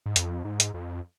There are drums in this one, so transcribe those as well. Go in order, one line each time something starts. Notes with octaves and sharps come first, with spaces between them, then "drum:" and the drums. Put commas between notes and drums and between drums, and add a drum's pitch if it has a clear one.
G#2
F2, drum: hi-hat
G#2
drum: hi-hat
F2